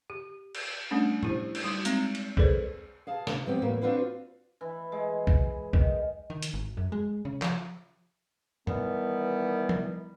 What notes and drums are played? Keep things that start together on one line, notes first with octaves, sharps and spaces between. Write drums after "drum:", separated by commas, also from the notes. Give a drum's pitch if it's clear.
G4
drum: cymbal
G3 A3 C#4 D4
E4 G4 C5, drum: tom A2
drum: cymbal
G3 D#4 F#4
G#3 A#3 C4, drum: hi-hat
drum: cymbal
G#4 A4 B4 C5 D5, drum: kick B1
G#4 F5 A5
C#3, drum: snare
G2 F3 G3 B3 C4 G4
E2 A2 A#3
C4 D4 F4 F#4 B4 C5
E3
G#3
drum: kick B1
D#3, drum: kick B1
D#3
drum: hi-hat
G#1
F#2
G#3
C#3
F3, drum: clap
D#3 E3 G3 B3, drum: tom
drum: tom